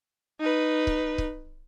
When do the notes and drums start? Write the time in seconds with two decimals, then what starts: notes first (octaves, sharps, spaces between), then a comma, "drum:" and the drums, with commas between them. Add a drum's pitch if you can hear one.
0.40 D#4 B4
0.87 drum: kick C#1
1.18 drum: kick C#1